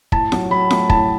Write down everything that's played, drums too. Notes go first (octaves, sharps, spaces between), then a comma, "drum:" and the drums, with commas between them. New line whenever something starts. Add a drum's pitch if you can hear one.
A2 A5, drum: kick
F#3, drum: snare
F#3 B5
A3, drum: snare
A2 A5, drum: kick